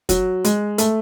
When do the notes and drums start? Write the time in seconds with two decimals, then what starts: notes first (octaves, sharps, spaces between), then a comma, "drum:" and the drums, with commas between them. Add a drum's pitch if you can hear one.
0.09 F#3, drum: kick, hi-hat
0.44 G#3, drum: hi-hat
0.78 A3, drum: hi-hat